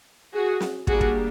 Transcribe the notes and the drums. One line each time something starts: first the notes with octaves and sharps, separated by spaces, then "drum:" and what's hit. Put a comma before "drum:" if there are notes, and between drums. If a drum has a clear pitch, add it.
F#4 G#4
drum: snare
G3 A#3 D4 F#4 G#4, drum: kick
drum: kick